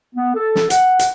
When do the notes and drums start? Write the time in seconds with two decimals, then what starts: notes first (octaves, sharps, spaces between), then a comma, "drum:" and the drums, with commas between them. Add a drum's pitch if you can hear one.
0.16 B3
0.35 A4
0.55 drum: snare
0.70 F#5, drum: hi-hat
0.99 drum: hi-hat